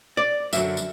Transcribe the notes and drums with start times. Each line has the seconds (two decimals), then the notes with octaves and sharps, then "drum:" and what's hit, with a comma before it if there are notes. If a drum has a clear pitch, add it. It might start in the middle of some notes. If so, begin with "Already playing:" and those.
0.17 D5
0.53 F#2 D3 F#3 E5, drum: tambourine
0.77 drum: tambourine